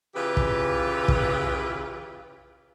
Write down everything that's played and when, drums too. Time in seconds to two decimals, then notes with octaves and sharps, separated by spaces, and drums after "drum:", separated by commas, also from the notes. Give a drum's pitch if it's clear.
0.15 C#3 E3 F4 G4 B4
0.37 drum: kick
1.08 drum: kick